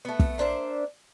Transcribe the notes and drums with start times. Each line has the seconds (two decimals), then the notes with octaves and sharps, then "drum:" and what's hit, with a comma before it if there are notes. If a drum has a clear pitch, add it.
0.05 A3 B3
0.19 drum: kick
0.38 A#3 D4 C5 E5